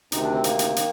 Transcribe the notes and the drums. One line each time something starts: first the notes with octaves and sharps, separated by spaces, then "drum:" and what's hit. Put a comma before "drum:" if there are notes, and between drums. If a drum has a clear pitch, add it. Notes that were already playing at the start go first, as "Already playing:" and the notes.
D2 C3 D#3 D#4, drum: hi-hat
D4
C4
A#3, drum: hi-hat
drum: hi-hat
D#3, drum: hi-hat